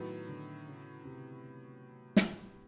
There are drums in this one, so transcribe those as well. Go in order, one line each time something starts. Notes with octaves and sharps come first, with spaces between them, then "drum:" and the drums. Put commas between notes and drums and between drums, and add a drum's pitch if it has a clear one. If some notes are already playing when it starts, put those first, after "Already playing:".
Already playing: A2 D#3 F#3 B3
D3
C#3
C3
drum: snare